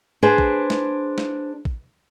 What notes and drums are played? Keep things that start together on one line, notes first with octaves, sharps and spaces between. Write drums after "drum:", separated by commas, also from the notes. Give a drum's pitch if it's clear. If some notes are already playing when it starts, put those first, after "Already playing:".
D4 G#4 B4 C5
drum: kick A1
drum: snare
drum: snare
drum: kick A1